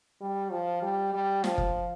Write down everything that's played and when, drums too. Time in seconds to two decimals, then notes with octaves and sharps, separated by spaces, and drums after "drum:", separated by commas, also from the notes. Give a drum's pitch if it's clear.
0.21 G3
0.51 F3
0.82 G3
1.13 G3
1.44 F3, drum: snare
1.58 drum: kick